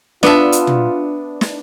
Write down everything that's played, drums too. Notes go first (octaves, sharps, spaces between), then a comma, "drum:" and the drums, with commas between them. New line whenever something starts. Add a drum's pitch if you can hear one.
B3 D4 F4 E5, drum: snare
drum: hi-hat
drum: tom
drum: snare